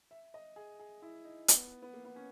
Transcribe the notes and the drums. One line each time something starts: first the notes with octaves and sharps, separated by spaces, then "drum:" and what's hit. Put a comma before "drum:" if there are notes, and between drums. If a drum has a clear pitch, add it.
E5
D#5
G#4
G#4
E4
D#4
B3, drum: hi-hat
B3
A#3
B3
C#4